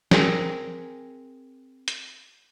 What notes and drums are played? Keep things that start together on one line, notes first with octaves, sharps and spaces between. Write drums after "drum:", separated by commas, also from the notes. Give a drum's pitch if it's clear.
C4 G#4 A#4, drum: snare
drum: hi-hat